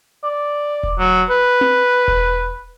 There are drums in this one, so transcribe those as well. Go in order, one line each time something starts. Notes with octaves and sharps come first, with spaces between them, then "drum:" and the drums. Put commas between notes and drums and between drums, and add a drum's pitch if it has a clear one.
D5
drum: kick E1
F#3
B4
drum: tom C4
drum: kick E1